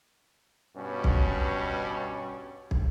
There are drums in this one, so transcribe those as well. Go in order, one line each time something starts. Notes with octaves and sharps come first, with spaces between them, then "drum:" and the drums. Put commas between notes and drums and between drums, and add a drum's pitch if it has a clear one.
G2 B2 C#4
drum: kick
drum: kick